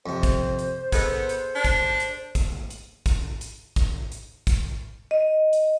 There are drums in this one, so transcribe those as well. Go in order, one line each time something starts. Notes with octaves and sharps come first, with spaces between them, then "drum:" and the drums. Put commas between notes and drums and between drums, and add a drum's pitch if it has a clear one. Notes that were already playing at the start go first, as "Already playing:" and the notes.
F2 C3 C5
drum: kick, hi-hat
drum: hi-hat
B3 G#4 A4 D#5, drum: kick, hi-hat
drum: hi-hat
D4
drum: kick, hi-hat
drum: hi-hat
drum: kick, hi-hat
drum: hi-hat
drum: kick, hi-hat
drum: hi-hat
drum: kick, hi-hat
drum: hi-hat
drum: kick, hi-hat
D#5
drum: hi-hat